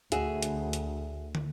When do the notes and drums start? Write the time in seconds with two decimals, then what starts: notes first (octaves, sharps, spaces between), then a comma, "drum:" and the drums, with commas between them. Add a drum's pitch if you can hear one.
0.12 D2 F#4 G#4 E5, drum: hi-hat
0.43 drum: hi-hat
0.73 drum: hi-hat
1.35 drum: tom